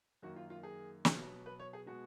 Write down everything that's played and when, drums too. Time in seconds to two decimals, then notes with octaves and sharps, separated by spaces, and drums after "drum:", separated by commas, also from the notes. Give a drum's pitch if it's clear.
0.22 F#2 D#3 A#3 F#4
0.36 F4
0.50 F4
0.63 G#4
1.05 B2 F#3 B3, drum: snare
1.46 B4
1.60 C#5
1.73 G#4
1.86 B2 G#3 B3 F#4